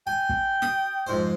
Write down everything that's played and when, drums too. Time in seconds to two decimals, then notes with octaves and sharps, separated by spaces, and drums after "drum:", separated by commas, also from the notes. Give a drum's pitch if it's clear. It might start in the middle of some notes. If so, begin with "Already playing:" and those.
0.07 G5 G#5
0.29 drum: kick
0.62 D#6, drum: snare
1.07 F2 G#2 C5